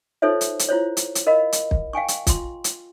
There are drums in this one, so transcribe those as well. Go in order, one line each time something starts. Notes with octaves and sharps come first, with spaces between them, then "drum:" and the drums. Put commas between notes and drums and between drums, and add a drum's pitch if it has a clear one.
D#4 F4 A4 C5 C#5 E5
drum: hi-hat
drum: hi-hat
E4 F4 C5 C#5
drum: hi-hat
drum: hi-hat
A#4 D#5 F5 B5
drum: hi-hat
drum: kick
F5 G5 G#5 C#6
drum: hi-hat
F4 C6, drum: kick, hi-hat
drum: hi-hat